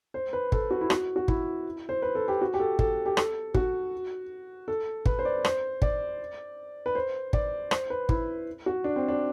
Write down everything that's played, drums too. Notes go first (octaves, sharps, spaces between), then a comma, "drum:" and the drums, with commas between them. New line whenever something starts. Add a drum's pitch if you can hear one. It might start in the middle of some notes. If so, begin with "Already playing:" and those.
C5
B4
A4, drum: kick
F#4
E4
F#4, drum: rim click
F#4
E4, drum: kick
C5
B4
A4
G4
F#4
G4
A4
A4, drum: kick
G4
A4, drum: rim click
F#4, drum: kick
A4
B4, drum: kick
C5
D5
C5, drum: rim click
D5, drum: kick
B4
C5
D5, drum: kick
C5, drum: rim click
B4
E4, drum: kick
F#4
D4
C4
D4